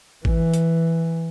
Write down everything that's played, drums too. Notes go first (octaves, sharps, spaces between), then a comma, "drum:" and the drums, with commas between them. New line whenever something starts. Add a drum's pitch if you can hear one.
E3, drum: kick G#1
drum: hi-hat